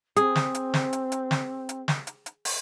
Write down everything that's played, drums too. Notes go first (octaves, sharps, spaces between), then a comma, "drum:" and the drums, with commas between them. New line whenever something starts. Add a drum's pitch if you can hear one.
C4 G#4, drum: hi-hat
drum: snare
drum: hi-hat
drum: snare
drum: hi-hat
drum: hi-hat
drum: snare
drum: hi-hat
drum: snare
drum: hi-hat
drum: hi-hat
drum: open hi-hat